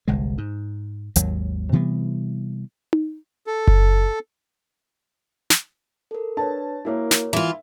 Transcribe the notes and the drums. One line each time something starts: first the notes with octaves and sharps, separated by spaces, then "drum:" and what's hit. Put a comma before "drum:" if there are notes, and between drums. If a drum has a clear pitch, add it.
G1 C2 G#3
G#2
G#1 D#2 F#3, drum: hi-hat
C3 E3 G3 B3
drum: tom D#4
A4
drum: kick F#1
drum: snare
A4 A#4
D4 B4 C#5 A5
A#3 E4 F#4 A#4 C#5
drum: snare
E3 F4 E5